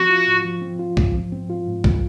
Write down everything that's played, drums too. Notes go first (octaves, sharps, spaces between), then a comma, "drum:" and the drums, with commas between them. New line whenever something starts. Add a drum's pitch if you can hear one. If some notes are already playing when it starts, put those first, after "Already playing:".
Already playing: F3 C4 F#4
F4
G#2
F3
C4
F4
G#2, drum: kick
F3
C4
F4
G#2
F3, drum: kick